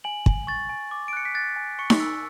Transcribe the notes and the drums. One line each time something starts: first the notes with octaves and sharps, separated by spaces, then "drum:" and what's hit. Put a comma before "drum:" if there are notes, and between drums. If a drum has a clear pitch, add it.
G#5 F#7
G#5, drum: kick
C#6 A6
G#5
D6
D7
F#6 C#7
B6
F#6 A6
G#5
C#6 C#7
drum: snare D#4
E6